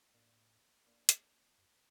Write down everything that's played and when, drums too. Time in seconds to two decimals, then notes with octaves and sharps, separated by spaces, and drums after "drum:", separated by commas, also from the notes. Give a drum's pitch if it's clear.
0.14 A2 A#3 D4
0.86 A#3 D4
1.09 drum: hi-hat
1.58 F#2